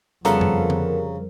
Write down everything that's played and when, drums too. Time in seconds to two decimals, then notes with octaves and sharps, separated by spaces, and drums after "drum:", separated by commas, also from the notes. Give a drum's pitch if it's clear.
0.25 F2 C#3 G3 B3 F4 A4 A#4, drum: hi-hat
0.41 drum: tom F#2
0.70 drum: tom D3